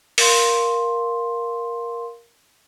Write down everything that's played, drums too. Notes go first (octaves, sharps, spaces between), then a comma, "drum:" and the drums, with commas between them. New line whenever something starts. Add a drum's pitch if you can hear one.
A#4 F5 C6, drum: open hi-hat